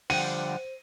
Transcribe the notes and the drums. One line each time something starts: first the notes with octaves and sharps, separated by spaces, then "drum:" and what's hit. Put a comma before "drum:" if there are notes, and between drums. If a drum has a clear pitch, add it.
D3 F3 G3 C5 F#5 G5 D#7, drum: open hi-hat